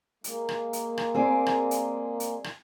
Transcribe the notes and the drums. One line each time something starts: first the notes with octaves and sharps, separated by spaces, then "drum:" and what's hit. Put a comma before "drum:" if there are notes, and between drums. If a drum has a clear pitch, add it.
G#3 A#3, drum: hi-hat
drum: rim click
drum: hi-hat
drum: rim click
C4 G#4 D5
drum: rim click
drum: hi-hat
drum: hi-hat
drum: rim click